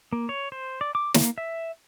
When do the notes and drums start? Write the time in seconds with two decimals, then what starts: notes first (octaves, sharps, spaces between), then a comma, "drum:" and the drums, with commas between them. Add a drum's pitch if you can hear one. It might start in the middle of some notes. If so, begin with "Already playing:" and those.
0.13 A#3
0.29 C#5
0.52 C5
0.81 D5
0.95 D6
1.14 A#3, drum: snare
1.38 E5